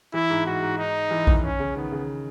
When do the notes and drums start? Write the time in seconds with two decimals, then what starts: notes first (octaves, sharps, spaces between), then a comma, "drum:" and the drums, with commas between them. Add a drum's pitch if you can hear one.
0.13 E3 E4
0.30 G#2
0.46 G#2 F#4
0.63 G#2
0.78 D#4
1.11 E3
1.27 D#3, drum: kick A1
1.44 C#4
1.59 C#3
1.76 D#3 B3
1.92 C#3